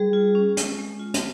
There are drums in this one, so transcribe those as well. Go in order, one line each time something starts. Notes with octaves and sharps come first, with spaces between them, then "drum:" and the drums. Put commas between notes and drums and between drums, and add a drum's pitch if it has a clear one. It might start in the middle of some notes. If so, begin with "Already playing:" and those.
Already playing: G3 G#4
F4
C#4
G#3, drum: hi-hat
G#3
F4
drum: hi-hat